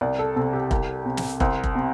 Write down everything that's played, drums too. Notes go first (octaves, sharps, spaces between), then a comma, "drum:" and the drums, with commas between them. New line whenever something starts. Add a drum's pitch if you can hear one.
C2 D5
A4
C3 A4
G4
C2, drum: kick F1
C3
drum: snare
C2 C4, drum: kick F1
drum: kick F1
C3